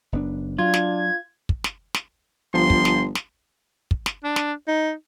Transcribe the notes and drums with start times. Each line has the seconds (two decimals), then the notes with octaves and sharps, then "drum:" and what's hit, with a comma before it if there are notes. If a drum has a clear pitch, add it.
0.12 F#1 B3 D4
0.58 F#3 D4 F4 G#6
0.74 drum: snare
1.49 drum: kick
1.64 drum: snare
1.94 drum: snare
2.54 G1 F3 C6
2.70 drum: kick
2.85 drum: snare
3.15 drum: snare
3.91 drum: kick
4.06 drum: snare
4.24 D4
4.36 drum: snare
4.68 D#4